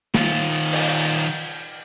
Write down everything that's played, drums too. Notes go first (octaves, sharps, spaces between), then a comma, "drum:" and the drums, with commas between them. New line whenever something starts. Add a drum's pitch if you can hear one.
D#3 F4, drum: snare
drum: cymbal